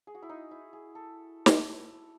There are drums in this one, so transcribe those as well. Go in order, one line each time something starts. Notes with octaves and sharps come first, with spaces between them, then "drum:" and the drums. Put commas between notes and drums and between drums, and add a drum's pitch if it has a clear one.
G#4
F#4
E4
D#4
E4
G#4
A4
drum: snare